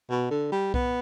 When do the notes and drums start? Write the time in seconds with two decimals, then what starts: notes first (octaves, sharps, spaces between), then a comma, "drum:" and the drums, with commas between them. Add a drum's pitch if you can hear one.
0.10 B2
0.31 D3
0.52 G3
0.74 B3, drum: kick B1